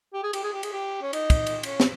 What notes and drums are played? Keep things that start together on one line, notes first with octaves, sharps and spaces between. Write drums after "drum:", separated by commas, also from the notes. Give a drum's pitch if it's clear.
G4
G#4
G4, drum: cymbal
G#4
G4
G#4, drum: cymbal
G4
C#4
D#4, drum: cymbal
drum: kick, cymbal
drum: cymbal
C#4, drum: cymbal
drum: snare